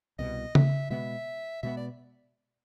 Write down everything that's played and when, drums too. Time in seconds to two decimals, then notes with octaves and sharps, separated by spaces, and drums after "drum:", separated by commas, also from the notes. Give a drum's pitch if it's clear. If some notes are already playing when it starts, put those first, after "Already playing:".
0.19 C2 B2 G3 D#5
0.55 E5, drum: tom C#3
0.90 B2 G#3 B3 E5
1.63 B2 G#3 B3 E5
1.77 D5